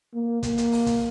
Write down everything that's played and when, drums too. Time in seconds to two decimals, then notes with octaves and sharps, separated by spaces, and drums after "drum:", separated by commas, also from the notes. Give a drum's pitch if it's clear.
0.14 A#3
0.43 A#3, drum: kick, hi-hat
0.58 drum: hi-hat
0.72 drum: open hi-hat
0.86 drum: kick, hi-hat